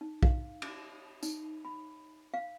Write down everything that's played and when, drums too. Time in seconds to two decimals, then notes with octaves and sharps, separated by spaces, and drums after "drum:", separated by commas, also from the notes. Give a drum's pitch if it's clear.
0.01 D#4
0.23 F5, drum: kick B1
0.62 drum: cymbal
1.23 D#4, drum: tambourine
1.65 B5
2.34 F5